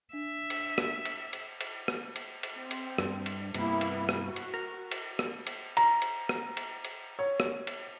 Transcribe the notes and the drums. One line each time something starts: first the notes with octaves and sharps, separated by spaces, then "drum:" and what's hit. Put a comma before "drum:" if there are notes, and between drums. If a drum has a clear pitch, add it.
D4 E5
drum: cymbal
drum: rim click
drum: cymbal
drum: cymbal
drum: cymbal
drum: rim click
drum: cymbal
drum: cymbal
C4
drum: cymbal
G2, drum: rim click
drum: cymbal
G2 C3 A#3 B3 E4, drum: cymbal
drum: cymbal
drum: rim click
F#4
drum: cymbal
A#4
drum: cymbal
drum: rim click
drum: cymbal
A#5, drum: cymbal
drum: cymbal
drum: rim click
drum: cymbal
drum: cymbal
C#5
drum: rim click
drum: cymbal